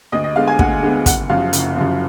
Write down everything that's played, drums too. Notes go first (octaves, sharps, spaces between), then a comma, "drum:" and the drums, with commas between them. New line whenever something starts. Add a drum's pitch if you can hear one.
D2 D#5
D#5
D3 G#3 B3 F5
G#5
D2 F#5, drum: kick
D3 G#3 B3
F#1 F#5, drum: kick, hi-hat
F#2 F3 F5
F#1, drum: hi-hat
F#2 F3